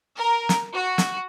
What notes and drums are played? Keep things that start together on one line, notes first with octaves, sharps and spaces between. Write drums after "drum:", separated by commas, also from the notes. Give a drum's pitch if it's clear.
A#4
drum: snare
F#4
drum: snare